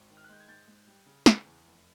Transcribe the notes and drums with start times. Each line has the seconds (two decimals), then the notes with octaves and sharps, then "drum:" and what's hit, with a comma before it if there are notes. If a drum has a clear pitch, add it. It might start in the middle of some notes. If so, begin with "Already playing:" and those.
Already playing: G#1
0.10 D#3
0.17 F6
0.24 F#6
0.29 G#3 G6
0.40 G#6
0.48 G#2 G6 A6
0.68 G#2
0.87 G3
1.06 C#3
1.26 C#3, drum: snare
1.45 E2
1.65 F1